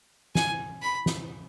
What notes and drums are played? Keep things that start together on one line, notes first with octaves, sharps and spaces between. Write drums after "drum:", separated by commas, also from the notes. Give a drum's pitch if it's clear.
G#5, drum: snare
B5
drum: snare